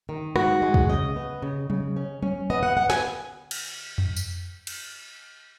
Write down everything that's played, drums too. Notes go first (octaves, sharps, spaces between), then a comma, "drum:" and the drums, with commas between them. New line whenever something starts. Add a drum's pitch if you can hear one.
D#3
G#2 F#4, drum: rim click
G#3
drum: kick
C#3 D#5
B3
C#3
C#3, drum: tom F#3
C#4
C#4, drum: tom F#3
B3 D#5
F#5
B3 F#5
G#5, drum: snare
drum: cymbal
drum: tom F2
drum: tambourine
drum: cymbal